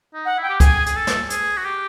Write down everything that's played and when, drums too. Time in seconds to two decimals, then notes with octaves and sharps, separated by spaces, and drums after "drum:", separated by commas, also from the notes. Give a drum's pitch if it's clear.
0.14 D#4
0.25 F#5
0.38 E4
0.43 G5
0.49 G4
0.60 G#4 G#5, drum: kick C#2, hi-hat
0.86 G#4, drum: hi-hat
0.96 A4
1.07 drum: snare
1.30 G#4, drum: hi-hat
1.57 F#4
1.66 G4